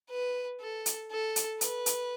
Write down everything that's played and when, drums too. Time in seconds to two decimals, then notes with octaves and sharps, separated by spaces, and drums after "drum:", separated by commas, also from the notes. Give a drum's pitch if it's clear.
0.10 B4
0.61 A4
0.86 drum: hi-hat
1.11 A4
1.36 drum: hi-hat
1.61 B4, drum: hi-hat
1.86 drum: hi-hat